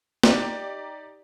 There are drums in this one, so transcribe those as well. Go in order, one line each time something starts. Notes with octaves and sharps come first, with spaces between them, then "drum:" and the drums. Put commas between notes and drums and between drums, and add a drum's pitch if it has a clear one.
D#4 G4 D5, drum: snare